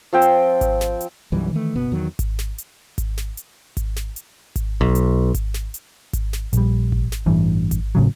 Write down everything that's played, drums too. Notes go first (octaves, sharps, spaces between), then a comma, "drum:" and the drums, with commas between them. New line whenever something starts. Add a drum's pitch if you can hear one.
F3 C4 G5
drum: hi-hat
drum: kick G#1, hi-hat
drum: snare
drum: hi-hat
B1 F#2 E3 G3
D#3 E3 A3
F#1 B2 B3
E2 D#3 F#3
drum: kick G#1, hi-hat
drum: snare
drum: hi-hat
drum: kick G#1, hi-hat
drum: snare
drum: hi-hat
drum: kick G#1, hi-hat
drum: snare
drum: hi-hat
drum: kick G#1, hi-hat
B1
drum: hi-hat
drum: kick G#1, hi-hat
drum: snare
drum: hi-hat
drum: kick G#1, hi-hat
drum: snare
A#1 G3, drum: hi-hat
drum: kick G#1
drum: snare
A1 G2 E3
drum: kick G#1, hi-hat
A2 C#3 F#3